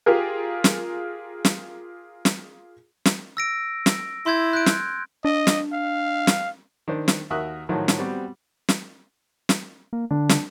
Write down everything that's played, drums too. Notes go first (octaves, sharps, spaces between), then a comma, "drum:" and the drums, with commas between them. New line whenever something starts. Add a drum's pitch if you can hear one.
F4 G4 G#4 A#4
drum: snare
drum: snare
drum: snare
drum: snare
E6 A#6 D7
drum: snare
E4 C6 G6 G#6
F#6 G6 D7
drum: snare
D4 D#5
drum: snare
F5
drum: snare
D#3 D4 C5
drum: snare
D#2 F#4 A#4 E5 D#6 F#6
A2 D#3 F3 F#3
drum: snare
G3 B3 C4 F#4 G4
drum: snare
drum: snare
A#3
D3 D4
drum: snare